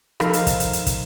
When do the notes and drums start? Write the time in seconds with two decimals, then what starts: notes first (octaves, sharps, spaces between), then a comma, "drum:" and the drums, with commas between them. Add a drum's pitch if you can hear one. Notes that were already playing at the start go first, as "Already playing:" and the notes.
0.20 F3 D#4 A4 A#4 F5, drum: rim click
0.33 drum: hi-hat
0.47 drum: kick, hi-hat
0.60 drum: hi-hat
0.73 drum: hi-hat
0.86 drum: kick, hi-hat